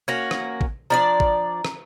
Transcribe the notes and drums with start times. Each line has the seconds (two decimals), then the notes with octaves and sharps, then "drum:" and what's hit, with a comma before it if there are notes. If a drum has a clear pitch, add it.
0.08 A#3 C#4 F#4 G#6 A#6
0.31 drum: rim click
0.61 drum: kick A1
0.90 F3 D4 D5 A#5
1.20 drum: kick A1
1.65 drum: rim click